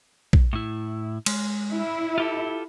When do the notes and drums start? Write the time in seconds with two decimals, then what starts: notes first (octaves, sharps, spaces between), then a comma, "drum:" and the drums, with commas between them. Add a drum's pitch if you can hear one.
0.33 drum: kick A#1
0.53 A2 E4
1.26 G#3, drum: cymbal
1.71 E4
2.18 F4 G4 A4